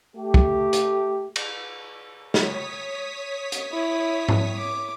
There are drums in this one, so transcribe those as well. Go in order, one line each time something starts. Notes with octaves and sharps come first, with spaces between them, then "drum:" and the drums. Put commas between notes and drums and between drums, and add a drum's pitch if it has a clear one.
A3 G4
drum: kick
drum: hi-hat
drum: cymbal
C#5 D#6 B6, drum: snare
drum: hi-hat
E4
drum: tom G#2
D6